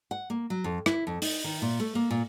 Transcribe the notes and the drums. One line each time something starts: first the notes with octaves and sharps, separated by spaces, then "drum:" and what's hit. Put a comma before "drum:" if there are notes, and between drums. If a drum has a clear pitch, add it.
F#5
A#3
F#3
F2
E4, drum: rim click
F2
D#4, drum: open hi-hat
D#3
A#2
A3
A#3
A#2